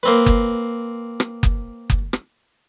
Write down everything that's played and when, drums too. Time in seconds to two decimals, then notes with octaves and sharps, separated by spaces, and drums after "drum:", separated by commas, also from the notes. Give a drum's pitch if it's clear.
0.03 A#3 C4 B4
0.27 drum: kick F#1
1.20 drum: rim click
1.43 drum: kick F#1
1.90 drum: kick F#1
2.13 drum: rim click